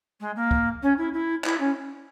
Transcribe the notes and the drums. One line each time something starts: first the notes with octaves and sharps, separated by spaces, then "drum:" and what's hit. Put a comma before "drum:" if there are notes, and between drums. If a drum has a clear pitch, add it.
G#3
A#3
drum: kick
C#4
E4
E4
E4, drum: clap
C#4